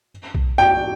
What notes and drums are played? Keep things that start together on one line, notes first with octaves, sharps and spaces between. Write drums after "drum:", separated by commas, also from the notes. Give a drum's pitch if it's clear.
drum: kick B1
G5